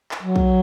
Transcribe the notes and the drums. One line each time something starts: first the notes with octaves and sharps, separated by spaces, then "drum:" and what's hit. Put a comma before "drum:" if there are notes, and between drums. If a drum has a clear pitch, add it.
drum: clap
F#3
drum: kick